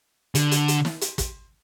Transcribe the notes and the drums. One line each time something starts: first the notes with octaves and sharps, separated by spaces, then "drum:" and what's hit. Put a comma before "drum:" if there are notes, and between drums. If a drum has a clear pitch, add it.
D3, drum: hi-hat
drum: hi-hat
drum: hi-hat
drum: snare
drum: hi-hat
drum: kick, hi-hat